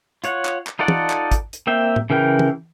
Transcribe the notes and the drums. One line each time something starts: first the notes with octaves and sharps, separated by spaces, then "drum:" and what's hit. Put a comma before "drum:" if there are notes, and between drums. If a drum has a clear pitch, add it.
F4 C#5 F#5, drum: hi-hat
drum: clap
drum: clap
D#4 F4 A4 D5 F#5
drum: tom
drum: clap
drum: kick, hi-hat
drum: hi-hat
A#3 C4 E5 G5
drum: tom A2
C#3 E3 A#4 G5
drum: tom